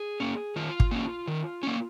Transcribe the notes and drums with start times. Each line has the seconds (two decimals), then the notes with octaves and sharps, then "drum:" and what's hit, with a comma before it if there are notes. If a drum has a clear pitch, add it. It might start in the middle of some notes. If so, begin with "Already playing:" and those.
Already playing: G#4
0.20 A#3 C#4
0.56 D#3 F4
0.80 drum: kick
0.91 A#3 C#4
1.28 D#3
1.63 A#3 C#4